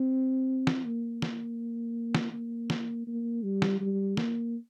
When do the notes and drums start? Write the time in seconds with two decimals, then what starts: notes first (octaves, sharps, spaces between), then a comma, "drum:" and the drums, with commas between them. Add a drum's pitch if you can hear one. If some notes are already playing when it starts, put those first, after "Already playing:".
Already playing: C4
0.67 drum: snare
0.85 A#3
1.22 drum: snare
2.15 drum: snare
2.33 A#3
2.70 drum: snare
3.07 A#3
3.43 G3
3.62 drum: snare
3.80 G3
4.17 A#3, drum: snare